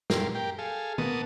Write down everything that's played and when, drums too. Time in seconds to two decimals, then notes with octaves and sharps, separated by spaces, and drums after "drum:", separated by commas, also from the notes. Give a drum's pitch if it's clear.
0.10 F#2 A#2 G4 A#4 C6, drum: snare
0.35 G4 A#4 G5
0.59 G#4 A4 F5
0.98 B2 A#3 B3 A5 D#6, drum: tom D#3